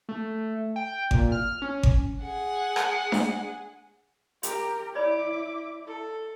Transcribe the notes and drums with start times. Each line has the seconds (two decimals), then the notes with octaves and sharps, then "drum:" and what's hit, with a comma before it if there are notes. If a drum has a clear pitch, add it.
0.09 A3
0.76 G5
1.11 A#2, drum: kick G#1
1.32 F6
1.62 C#4
1.83 drum: kick G#1
2.21 G#4 F#5
2.76 drum: rim click
3.12 drum: snare D4
4.43 G4 A#4, drum: hi-hat
4.95 E4 C#5 D5 B5 D6
5.87 A4